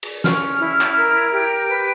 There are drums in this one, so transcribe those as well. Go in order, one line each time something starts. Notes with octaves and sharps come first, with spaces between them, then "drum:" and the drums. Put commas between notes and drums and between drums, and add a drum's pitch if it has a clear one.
drum: cymbal
C#4 F6, drum: snare
E4
drum: clap
A#4
G4
B4